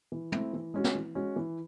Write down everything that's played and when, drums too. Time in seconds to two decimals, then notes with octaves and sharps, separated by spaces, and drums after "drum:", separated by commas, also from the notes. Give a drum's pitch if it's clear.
0.12 E3
0.32 A3 C4 E4, drum: tom
0.53 E3
0.74 G#3 C#4 F#4
0.84 drum: snare
0.95 E3
1.15 G#3 C#4 F#4
1.36 E3